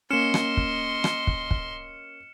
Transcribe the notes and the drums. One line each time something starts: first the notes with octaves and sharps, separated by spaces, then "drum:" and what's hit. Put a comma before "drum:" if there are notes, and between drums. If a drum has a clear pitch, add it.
A#3 C#4 D#5 C6 F6 C#7 E7
drum: rim click
drum: kick
drum: rim click
drum: kick
drum: kick